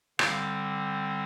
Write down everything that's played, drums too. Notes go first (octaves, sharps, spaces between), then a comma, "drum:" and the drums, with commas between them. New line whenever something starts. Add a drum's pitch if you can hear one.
D3 G3 C4 F5, drum: rim click